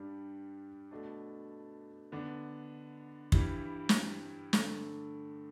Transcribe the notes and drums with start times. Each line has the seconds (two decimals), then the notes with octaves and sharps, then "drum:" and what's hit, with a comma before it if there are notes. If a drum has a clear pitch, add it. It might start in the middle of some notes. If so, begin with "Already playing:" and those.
Already playing: G2 G3 D4
0.91 B2 A3 D4
2.12 D3 B3 D4
3.32 G2 E3 G3 E4, drum: kick
3.89 drum: snare
4.53 G2 D3 A3 D4, drum: snare